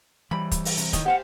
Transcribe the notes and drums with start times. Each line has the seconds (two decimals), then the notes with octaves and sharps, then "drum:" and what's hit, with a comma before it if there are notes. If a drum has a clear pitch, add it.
0.31 E3 G3 B5
0.52 drum: kick, hi-hat
0.65 drum: open hi-hat
0.77 C3, drum: hi-hat
0.93 A2 D#3 D#5, drum: kick, hi-hat
1.06 G4 C5 F5 F#5